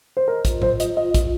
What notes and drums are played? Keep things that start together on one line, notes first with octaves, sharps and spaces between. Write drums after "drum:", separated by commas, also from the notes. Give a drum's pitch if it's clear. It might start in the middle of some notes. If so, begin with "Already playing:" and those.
C5
A#4 D#5
F4, drum: kick A1, hi-hat
F4 C5, drum: tom A2
F4 D#5, drum: hi-hat
F4 D#5
F4, drum: kick A1, hi-hat